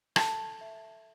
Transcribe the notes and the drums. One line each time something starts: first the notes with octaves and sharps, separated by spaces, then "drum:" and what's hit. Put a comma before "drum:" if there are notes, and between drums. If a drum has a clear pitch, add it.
A4 A5, drum: rim click
E5